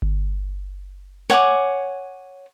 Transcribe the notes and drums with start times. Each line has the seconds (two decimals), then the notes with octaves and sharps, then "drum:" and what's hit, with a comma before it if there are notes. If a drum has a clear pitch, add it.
0.02 drum: kick G1
1.30 C#5 F#5 G#5 D6, drum: snare